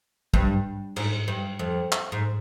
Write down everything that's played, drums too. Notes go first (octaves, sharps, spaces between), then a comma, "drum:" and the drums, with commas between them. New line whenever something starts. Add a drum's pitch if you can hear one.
G2, drum: kick
G#2, drum: cymbal
G2
F2
drum: clap
G#2